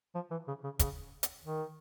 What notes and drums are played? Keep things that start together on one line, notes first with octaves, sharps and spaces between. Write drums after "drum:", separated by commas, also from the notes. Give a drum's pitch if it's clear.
F3
E3
C#3
C#3
C#3, drum: kick, hi-hat
drum: hi-hat
D#3